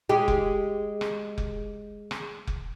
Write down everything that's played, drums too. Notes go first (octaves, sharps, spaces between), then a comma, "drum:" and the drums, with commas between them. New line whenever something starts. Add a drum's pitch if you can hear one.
G#3 G4
drum: kick F1
drum: rim click
drum: kick F1
drum: rim click
drum: kick F1